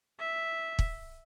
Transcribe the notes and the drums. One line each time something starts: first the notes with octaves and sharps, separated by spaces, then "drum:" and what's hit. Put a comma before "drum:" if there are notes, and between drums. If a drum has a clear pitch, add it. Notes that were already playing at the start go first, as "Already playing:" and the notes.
E5
drum: kick